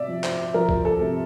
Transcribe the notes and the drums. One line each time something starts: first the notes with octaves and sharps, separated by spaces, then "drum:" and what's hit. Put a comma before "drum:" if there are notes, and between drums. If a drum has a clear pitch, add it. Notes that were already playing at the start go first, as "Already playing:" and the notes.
Already playing: C3 D5 E5
F3
C5, drum: clap
F3 A#4
drum: kick
A4
C3